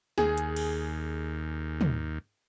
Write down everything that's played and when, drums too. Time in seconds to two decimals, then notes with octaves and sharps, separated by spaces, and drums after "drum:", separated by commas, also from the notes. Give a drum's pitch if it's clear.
0.18 D#2 G#4, drum: snare
0.38 drum: hi-hat
0.56 drum: cymbal
1.81 drum: tom